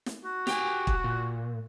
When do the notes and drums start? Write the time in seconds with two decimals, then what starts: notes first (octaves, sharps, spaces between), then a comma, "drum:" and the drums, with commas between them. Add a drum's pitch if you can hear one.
0.06 drum: snare
0.25 F#4
0.47 G4 G5 G#5, drum: snare
0.87 drum: kick
1.04 A#2